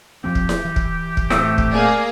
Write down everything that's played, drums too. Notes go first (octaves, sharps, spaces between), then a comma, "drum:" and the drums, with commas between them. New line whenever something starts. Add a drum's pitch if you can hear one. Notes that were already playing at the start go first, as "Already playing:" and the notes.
F2 F3 C4 G4
drum: kick
drum: snare E4
E3
drum: kick
drum: kick
A2 A3 C4, drum: snare E4
drum: kick
A#3 G#4 D5